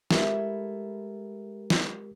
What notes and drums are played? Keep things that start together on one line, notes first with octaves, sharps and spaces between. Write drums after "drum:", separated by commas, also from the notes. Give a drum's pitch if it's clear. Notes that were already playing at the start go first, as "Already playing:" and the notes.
G#3 A3 E4 G4 A#4 E5, drum: snare
drum: snare